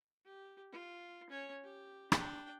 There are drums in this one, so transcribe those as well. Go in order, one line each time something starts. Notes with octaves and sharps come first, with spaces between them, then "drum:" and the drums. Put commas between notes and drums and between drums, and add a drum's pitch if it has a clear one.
G4
F4
C#4 C#5
G4
D4 G5, drum: rim click